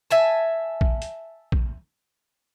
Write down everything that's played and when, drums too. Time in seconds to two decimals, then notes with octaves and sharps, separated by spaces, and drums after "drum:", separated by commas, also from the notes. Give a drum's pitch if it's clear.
0.11 E5 G#5 A5
0.81 drum: kick A#1
1.02 drum: hi-hat
1.52 drum: kick A#1